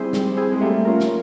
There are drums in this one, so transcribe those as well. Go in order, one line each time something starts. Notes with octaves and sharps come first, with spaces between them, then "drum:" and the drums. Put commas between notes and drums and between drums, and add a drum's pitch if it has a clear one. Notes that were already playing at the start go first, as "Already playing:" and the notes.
Already playing: G3 C4 E4 G#4 C5
G3, drum: snare
C4 E4 G#4 C5
G#3
G3 A3 A#3
C#4 F4 A#4
drum: snare